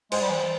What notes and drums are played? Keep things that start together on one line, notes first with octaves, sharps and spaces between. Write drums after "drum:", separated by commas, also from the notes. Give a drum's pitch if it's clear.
G#3 C5, drum: cymbal
G3
E3